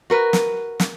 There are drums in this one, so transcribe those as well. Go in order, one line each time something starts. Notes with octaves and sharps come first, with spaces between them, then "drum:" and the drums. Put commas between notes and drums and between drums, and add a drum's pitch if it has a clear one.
F#4 A#4 B4
drum: snare
drum: snare